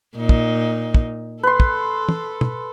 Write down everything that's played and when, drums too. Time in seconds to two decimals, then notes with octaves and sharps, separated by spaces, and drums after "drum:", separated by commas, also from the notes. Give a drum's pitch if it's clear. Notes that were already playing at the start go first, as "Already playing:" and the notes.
0.17 A#2 D#4
0.29 drum: kick
0.94 drum: kick
1.43 A4 B4 C6
1.60 drum: kick
2.09 drum: tom
2.41 drum: tom